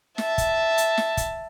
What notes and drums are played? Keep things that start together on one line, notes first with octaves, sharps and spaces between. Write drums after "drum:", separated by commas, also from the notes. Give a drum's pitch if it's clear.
E5 A5, drum: snare
drum: kick, hi-hat
drum: hi-hat
drum: snare
drum: kick, hi-hat